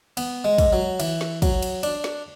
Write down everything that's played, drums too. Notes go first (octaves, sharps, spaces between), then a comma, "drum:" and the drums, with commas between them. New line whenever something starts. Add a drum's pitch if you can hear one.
B3, drum: cymbal
G#3
drum: kick, cymbal
F#3
E3, drum: cymbal
drum: snare
F#3, drum: kick, cymbal
drum: cymbal
D4, drum: cymbal
drum: snare